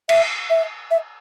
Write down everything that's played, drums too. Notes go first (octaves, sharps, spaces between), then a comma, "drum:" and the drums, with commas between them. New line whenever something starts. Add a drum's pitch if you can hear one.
E5, drum: cymbal
E5
E5